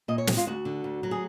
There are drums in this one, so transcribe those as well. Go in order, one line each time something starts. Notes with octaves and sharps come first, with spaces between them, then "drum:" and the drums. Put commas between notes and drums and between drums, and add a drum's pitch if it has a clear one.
A#2 D#5
C#5
G#3 G4, drum: snare
F4
D2 F#4
D3
D2
F#3
G#4